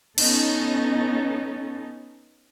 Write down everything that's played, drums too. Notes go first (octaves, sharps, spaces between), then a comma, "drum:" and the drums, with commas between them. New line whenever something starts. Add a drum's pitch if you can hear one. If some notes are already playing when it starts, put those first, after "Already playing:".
B3 C#4 D#4 A4, drum: cymbal